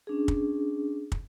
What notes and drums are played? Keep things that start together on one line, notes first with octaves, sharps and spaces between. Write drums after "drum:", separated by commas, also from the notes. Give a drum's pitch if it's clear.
C#4 D4 G#4
drum: kick
drum: kick